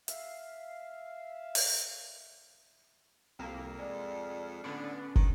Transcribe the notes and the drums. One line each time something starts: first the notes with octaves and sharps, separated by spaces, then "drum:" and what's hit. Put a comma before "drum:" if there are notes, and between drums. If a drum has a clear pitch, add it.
E5 F5, drum: hi-hat
drum: open hi-hat
C2 F2 A#3
G#3 D5
A2 D3 B3 C#4 D4
D#3, drum: kick